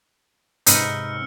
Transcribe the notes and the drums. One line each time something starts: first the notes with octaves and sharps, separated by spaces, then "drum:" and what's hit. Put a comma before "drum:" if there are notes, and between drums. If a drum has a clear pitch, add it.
G#2 C3 D#4 B4 E6 F6 C#7, drum: hi-hat